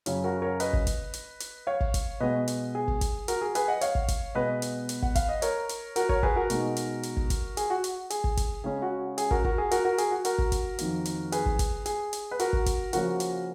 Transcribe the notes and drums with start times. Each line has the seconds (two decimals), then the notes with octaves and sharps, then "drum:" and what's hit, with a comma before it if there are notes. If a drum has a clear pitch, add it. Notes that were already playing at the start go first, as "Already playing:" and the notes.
0.06 F#2 C#3 F#3 C#4, drum: hi-hat
0.24 F#4 A#4
0.42 A#4 C#5
0.60 B4 D#5, drum: hi-hat
0.73 drum: kick
0.87 drum: kick, hi-hat
1.13 drum: hi-hat
1.40 drum: hi-hat
1.67 C#5 F5
1.81 drum: kick
1.94 drum: kick, hi-hat
2.20 B2 G#3 B3 B4 D#5
2.48 drum: hi-hat
2.75 G#4
2.88 drum: kick
3.01 drum: kick, hi-hat
3.28 F#4 A#4, drum: hi-hat
3.42 G#4
3.55 G#4 B4, drum: hi-hat
3.68 D#5 F#5
3.81 C#5 F5, drum: hi-hat
3.95 drum: kick
4.08 drum: kick, hi-hat
4.35 B2 G#3 B3 B4 D#5
4.62 drum: hi-hat
4.89 drum: hi-hat
5.02 F#5, drum: kick
5.15 F5, drum: kick, hi-hat
5.29 D#5
5.42 A#4 C#5, drum: hi-hat
5.69 drum: hi-hat
5.96 F#4 A#4, drum: hi-hat
6.09 A#4 C#5, drum: kick
6.23 G#4 B4, drum: kick
6.36 F#4 A#4
6.50 B2 G#3 D#4, drum: hi-hat
6.76 drum: hi-hat
7.03 drum: hi-hat
7.17 drum: kick
7.30 drum: kick, hi-hat
7.57 G#4, drum: hi-hat
7.70 F#4
7.84 drum: hi-hat
8.10 G#4, drum: hi-hat
8.24 drum: kick
8.37 drum: kick, hi-hat
8.64 C#3 G#3 C#4 G#4
8.82 F#4
9.18 G#4, drum: hi-hat
9.31 F#4 A#4, drum: kick
9.44 F#4 A#4, drum: kick
9.58 G#4
9.71 F#4 A#4, drum: hi-hat
9.85 F#4 A#4
9.98 G#4, drum: hi-hat
10.11 F#4
10.25 F#4 A#4, drum: hi-hat
10.38 drum: kick
10.52 drum: kick, hi-hat
10.78 F2 D#3 A#3, drum: hi-hat
11.05 drum: hi-hat
11.32 G#4 B4, drum: hi-hat
11.46 drum: kick
11.59 drum: kick, hi-hat
11.86 G#4, drum: hi-hat
12.13 drum: hi-hat
12.31 B4
12.39 F#4 A#4, drum: hi-hat
12.53 drum: kick
12.66 drum: kick, hi-hat
12.93 C#3 F3 A#3 C#4 F#4 A#4, drum: hi-hat
13.20 drum: hi-hat